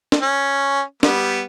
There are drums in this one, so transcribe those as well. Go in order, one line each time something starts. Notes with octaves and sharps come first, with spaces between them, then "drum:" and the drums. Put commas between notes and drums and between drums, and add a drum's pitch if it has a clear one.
drum: snare
C#4
G3 B3, drum: snare